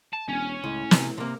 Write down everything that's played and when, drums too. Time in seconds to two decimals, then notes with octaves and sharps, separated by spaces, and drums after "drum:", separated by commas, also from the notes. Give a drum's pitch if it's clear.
0.13 A5
0.28 E1 C#4
0.64 C#2 A2
0.91 C3, drum: snare
1.18 C3 A#3